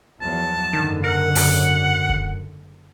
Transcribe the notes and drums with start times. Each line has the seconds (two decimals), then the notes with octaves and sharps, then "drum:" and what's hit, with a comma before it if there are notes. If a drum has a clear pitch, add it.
0.21 E2 F3 F#3 A5
0.73 F#1 G#2 D3 D#3
1.04 A#4 F#5
1.35 F#2, drum: open hi-hat
2.09 drum: kick